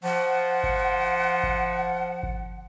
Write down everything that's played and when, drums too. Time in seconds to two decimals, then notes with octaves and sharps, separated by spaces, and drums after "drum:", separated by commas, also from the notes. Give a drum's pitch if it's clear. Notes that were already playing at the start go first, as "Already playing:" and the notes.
0.04 F3 F#5
0.63 drum: kick G1
1.43 drum: kick G1
2.23 drum: kick G1